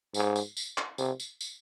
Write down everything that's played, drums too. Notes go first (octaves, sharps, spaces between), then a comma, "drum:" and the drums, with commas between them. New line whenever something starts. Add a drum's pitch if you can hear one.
G#2, drum: tambourine
drum: tambourine
drum: tambourine
drum: clap
C3, drum: tambourine
drum: tambourine
drum: tambourine